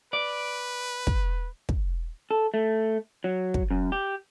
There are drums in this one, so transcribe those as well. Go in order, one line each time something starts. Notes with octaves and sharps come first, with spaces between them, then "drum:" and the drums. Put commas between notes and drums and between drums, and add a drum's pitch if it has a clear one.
B4 D5
drum: kick
drum: kick
A4
A3
F#3
drum: kick
F#2
G4